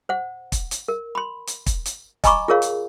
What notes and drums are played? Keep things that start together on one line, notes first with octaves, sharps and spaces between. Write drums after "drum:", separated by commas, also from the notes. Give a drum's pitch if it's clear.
C5 F#5
drum: kick, hi-hat
drum: hi-hat
A#4
B5 C6
drum: hi-hat
drum: kick, hi-hat
drum: hi-hat
D#5 G#5 A#5 B5 C#6 D6, drum: kick, hi-hat
F4 G#4 A#4 C#5 F5
drum: hi-hat